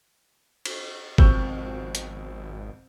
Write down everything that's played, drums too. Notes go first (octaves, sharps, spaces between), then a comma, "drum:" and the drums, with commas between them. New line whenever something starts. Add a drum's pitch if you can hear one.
drum: cymbal
G#1 F2 B2 C4 C5 C#6 E6 G6, drum: kick G#1
drum: hi-hat